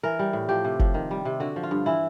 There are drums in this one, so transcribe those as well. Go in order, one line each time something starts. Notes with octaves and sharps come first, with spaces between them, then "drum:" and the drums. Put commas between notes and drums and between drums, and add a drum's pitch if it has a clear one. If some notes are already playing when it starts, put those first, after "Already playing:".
E3 A#4
G3
A2
F3 G4
C3
F3, drum: kick F#1
D#3
G3
C3
D3 F#4
F3
F4
G2
E3 E4